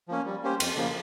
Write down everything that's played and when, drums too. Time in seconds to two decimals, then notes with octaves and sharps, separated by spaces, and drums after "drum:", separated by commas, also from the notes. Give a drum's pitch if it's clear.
0.08 F3 A#3 C#4
0.26 G3
0.43 A#3 C#4 G4 C5
0.60 F2, drum: cymbal
0.76 C#3 F3 A#3